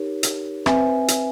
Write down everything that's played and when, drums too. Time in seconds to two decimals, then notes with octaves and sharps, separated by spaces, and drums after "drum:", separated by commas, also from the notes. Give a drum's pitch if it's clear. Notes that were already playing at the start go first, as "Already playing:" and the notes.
Already playing: D#4 G4 A#4 C#5
0.23 drum: hi-hat
0.66 C4 B4 E5 G#5, drum: rim click
1.08 drum: hi-hat